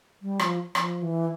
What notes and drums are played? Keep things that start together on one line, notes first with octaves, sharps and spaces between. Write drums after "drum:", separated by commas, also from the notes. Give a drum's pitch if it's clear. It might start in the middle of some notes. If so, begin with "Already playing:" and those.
G3
F3, drum: rim click
F3, drum: rim click
E3